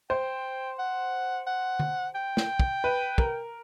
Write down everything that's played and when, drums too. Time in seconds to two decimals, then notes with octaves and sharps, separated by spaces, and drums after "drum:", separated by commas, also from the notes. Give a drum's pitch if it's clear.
0.10 C5 G5
0.79 F#5
1.47 F#5
1.79 drum: tom D3
2.15 G5
2.37 drum: snare
2.60 drum: kick
2.84 B4
3.18 A#4, drum: kick